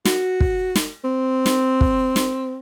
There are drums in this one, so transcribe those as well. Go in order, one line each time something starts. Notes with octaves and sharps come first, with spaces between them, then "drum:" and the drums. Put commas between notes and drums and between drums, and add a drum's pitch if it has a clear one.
F#4, drum: snare
drum: kick
drum: snare
C4
drum: snare
drum: kick
drum: snare